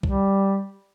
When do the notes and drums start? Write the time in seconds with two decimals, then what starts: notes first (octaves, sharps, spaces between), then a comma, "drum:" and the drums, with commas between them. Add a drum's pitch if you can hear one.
0.03 G3, drum: kick